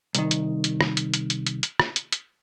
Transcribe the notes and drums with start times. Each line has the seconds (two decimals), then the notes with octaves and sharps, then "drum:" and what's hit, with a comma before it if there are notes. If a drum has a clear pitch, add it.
0.15 C2 D#3, drum: hi-hat
0.31 drum: hi-hat
0.64 drum: hi-hat
0.81 drum: rim click
0.97 drum: hi-hat
1.14 drum: hi-hat
1.30 drum: hi-hat
1.47 drum: hi-hat
1.63 drum: hi-hat
1.80 drum: rim click
1.96 drum: hi-hat
2.12 drum: hi-hat